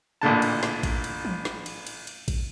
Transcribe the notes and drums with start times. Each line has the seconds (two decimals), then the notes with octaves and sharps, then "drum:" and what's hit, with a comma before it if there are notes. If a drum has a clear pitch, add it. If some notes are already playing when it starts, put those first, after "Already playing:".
0.21 A1 A#2 D3 A5
0.42 drum: cymbal
0.63 drum: snare
0.83 drum: kick A1, cymbal
1.04 drum: cymbal
1.25 drum: tom E3
1.45 drum: snare
1.66 drum: cymbal
1.87 drum: cymbal
2.07 drum: cymbal
2.28 drum: kick A1, cymbal